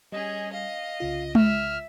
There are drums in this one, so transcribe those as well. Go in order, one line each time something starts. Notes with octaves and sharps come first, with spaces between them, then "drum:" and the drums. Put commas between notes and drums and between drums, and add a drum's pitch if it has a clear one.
G3 C#4 G#4 D#5
D#5 F5
C2 C#3 F4
E5 F6, drum: tom G#3